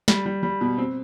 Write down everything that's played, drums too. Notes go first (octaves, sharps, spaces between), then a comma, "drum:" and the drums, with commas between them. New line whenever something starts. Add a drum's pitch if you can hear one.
G3, drum: snare
G3
G3
B2
C4